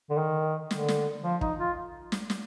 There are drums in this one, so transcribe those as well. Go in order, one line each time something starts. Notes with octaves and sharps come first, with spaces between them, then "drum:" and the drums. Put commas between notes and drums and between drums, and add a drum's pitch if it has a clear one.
D3
D#3
D3, drum: snare
drum: snare
F3
D#4, drum: kick
F4
drum: snare
drum: snare